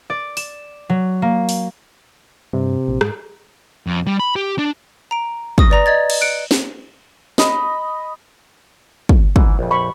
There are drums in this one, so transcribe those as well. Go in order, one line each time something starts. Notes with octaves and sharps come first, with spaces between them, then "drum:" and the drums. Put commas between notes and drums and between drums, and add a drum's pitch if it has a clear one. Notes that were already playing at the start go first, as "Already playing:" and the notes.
D5
E7, drum: open hi-hat
F#3
A#3
drum: open hi-hat
G2 C3
A#1
G#2, drum: rim click
F2
G3
B5
G4
D4
A#5 D7
C#6 D#6 A#6, drum: kick
B4 D5 A#5 A#6
D5 D#5 G#6 A6
drum: cymbal
F#6 C#7 D7
drum: snare
D#5 B5, drum: snare
drum: kick
G#2 E3, drum: kick
A#1 F2
B5 C#6